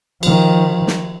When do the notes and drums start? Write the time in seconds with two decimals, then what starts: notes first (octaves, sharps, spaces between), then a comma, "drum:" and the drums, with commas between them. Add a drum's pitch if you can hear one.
0.23 D#3 F3, drum: cymbal
0.87 drum: snare